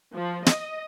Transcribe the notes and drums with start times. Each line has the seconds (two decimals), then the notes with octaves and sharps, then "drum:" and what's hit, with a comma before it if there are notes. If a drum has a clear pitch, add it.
0.15 F3
0.46 D#5, drum: snare